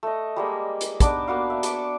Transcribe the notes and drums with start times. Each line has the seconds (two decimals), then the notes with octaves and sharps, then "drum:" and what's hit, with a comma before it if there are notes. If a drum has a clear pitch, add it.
0.03 A3 D#5
0.36 G3 G#3 A#3
0.81 drum: hi-hat
1.00 B3 D4 D#4 D6, drum: kick, hi-hat
1.28 A#3 B3 F#4 F5
1.50 E5
1.63 D4 B5 C#6 D6, drum: hi-hat